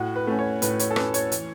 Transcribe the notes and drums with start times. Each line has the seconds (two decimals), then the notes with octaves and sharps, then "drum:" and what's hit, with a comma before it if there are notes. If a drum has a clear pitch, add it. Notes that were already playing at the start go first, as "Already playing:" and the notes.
Already playing: A2 F#4
0.16 B4
0.27 A3 C#4
0.39 C#5
0.62 A2 B4, drum: hi-hat
0.79 C#5, drum: hi-hat
0.91 A4
0.96 A3 C#4 B4, drum: rim click
1.14 C#5, drum: hi-hat
1.32 E3, drum: hi-hat